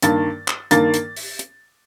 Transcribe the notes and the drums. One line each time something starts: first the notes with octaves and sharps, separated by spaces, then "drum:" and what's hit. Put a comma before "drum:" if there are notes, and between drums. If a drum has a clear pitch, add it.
G2 D#3 A#3 A6, drum: hi-hat
drum: clap
G2 D#3 A#3 A6, drum: hi-hat
drum: hi-hat
drum: open hi-hat
drum: hi-hat